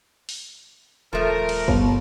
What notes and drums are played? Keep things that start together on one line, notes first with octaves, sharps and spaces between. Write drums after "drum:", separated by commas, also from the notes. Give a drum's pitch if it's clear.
drum: open hi-hat
D#1 F3 A3 A#4
drum: cymbal
G1, drum: kick G1